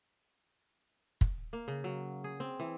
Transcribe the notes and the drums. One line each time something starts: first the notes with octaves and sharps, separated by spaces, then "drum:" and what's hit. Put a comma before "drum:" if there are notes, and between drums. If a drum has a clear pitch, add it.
drum: kick
A#3
C#3
F#3
G#4
C4
E3